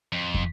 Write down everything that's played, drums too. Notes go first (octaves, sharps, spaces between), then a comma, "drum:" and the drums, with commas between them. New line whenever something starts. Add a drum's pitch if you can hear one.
F2
drum: kick